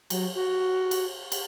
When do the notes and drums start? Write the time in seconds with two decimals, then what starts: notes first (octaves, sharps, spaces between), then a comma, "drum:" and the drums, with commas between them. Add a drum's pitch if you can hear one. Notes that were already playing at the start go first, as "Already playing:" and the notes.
0.10 F#3, drum: cymbal
0.35 F#4
0.91 drum: cymbal
1.32 drum: cymbal